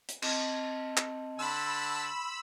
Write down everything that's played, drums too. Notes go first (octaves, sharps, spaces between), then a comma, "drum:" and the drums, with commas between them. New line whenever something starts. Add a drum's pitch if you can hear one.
drum: hi-hat
C4 D#5 A5, drum: cymbal
drum: clap
D3 A5 B5 C6 E6